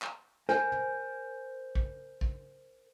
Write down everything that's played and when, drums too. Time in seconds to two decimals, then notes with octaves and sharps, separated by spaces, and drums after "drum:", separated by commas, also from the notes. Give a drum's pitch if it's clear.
0.02 drum: clap
0.49 A#4 C5 G#5, drum: snare
0.72 drum: tom
1.75 drum: kick
2.21 drum: kick